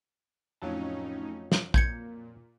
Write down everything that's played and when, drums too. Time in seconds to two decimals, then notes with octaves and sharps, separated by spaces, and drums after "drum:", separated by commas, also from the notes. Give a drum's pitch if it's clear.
0.62 F2 A2 F#3 C#4 D#4 A5
1.52 drum: snare
1.74 A#2 G6 G#6 C#7, drum: kick